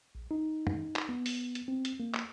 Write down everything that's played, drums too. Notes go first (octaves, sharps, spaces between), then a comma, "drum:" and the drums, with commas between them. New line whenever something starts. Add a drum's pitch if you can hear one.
A#1
D#4
drum: tom F#2
drum: clap
B3
drum: open hi-hat
drum: hi-hat
C4
drum: hi-hat
A#3
drum: clap